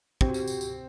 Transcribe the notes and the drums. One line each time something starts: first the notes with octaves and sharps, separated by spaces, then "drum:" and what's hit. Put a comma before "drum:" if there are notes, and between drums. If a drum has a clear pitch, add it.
C4 G4, drum: kick
F#4
G4, drum: tambourine
drum: tambourine
drum: tambourine